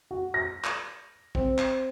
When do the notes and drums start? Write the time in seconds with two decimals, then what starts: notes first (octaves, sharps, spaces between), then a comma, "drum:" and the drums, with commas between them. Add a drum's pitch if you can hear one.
0.11 F#4
0.34 A#6
0.64 drum: clap
1.35 C4, drum: kick
1.58 drum: clap